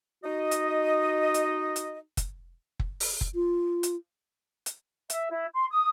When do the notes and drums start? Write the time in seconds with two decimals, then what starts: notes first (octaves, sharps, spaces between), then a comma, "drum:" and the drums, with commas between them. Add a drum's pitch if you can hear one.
0.24 D#4 F#4 D#5
0.51 drum: hi-hat
1.34 drum: hi-hat
1.76 drum: hi-hat
2.17 drum: kick, hi-hat
2.80 drum: kick
3.00 drum: open hi-hat
3.21 drum: kick
3.35 F4
3.83 drum: hi-hat
4.66 drum: hi-hat
5.10 E5, drum: hi-hat
5.30 E4
5.53 C6
5.70 D#6